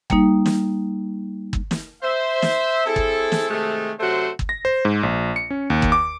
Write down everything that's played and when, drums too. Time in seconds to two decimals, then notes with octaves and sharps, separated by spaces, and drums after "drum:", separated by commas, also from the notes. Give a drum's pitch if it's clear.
0.10 G3 A#3 D#4, drum: kick G1
0.46 drum: snare
1.53 drum: kick G1
1.71 drum: snare
2.02 C5 E5
2.42 drum: snare
2.86 C4 E4 G#4 A4
2.96 drum: kick G1
3.32 drum: snare
3.49 C3 D#3 G#3 A3
3.99 C3 F#3 A3 F#4 C5
4.39 drum: kick G1
4.49 A#6
4.65 C5
4.85 G#2
5.03 A#1
5.36 C#7
5.50 C#4
5.70 D#2
5.82 drum: kick G1
5.92 D6